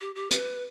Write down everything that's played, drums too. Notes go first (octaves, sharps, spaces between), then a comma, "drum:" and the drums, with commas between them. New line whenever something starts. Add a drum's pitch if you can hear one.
G4
G4
B4, drum: hi-hat